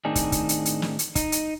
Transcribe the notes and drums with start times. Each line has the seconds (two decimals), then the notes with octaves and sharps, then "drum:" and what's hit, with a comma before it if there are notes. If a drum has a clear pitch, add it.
0.05 A2 D#3 C4 D4 D#4 G#4
0.15 drum: kick, hi-hat
0.32 drum: kick, hi-hat
0.49 drum: hi-hat
0.65 drum: hi-hat
0.82 drum: snare
0.99 drum: hi-hat
1.15 D#4, drum: kick, hi-hat
1.32 drum: hi-hat